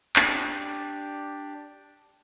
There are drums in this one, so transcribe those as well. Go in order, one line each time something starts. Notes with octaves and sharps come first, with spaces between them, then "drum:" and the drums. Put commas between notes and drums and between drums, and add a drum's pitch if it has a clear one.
D4 G4 D5, drum: clap